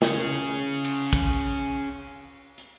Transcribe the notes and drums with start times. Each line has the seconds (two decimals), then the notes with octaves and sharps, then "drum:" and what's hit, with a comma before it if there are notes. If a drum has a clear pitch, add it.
0.02 C#4 G#4, drum: snare
0.84 drum: cymbal
1.13 drum: kick
2.58 drum: hi-hat